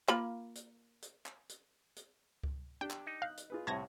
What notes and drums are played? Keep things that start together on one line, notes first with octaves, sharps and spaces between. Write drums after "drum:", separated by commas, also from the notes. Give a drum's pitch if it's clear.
A#3 F4 B5, drum: clap
drum: hi-hat
drum: hi-hat
drum: clap
drum: hi-hat
drum: hi-hat
drum: kick C#2
D4 G4 G5
drum: clap
D#4
F5 F#6
drum: hi-hat
F4 G#4 B4
C2 A2 C3 C#5 A5 G#6 A#6